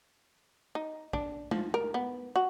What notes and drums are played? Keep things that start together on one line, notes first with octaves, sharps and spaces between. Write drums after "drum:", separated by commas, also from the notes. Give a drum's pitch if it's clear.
D#4
D4, drum: kick A#1
F3, drum: tom G#3
A#4
B3
F#4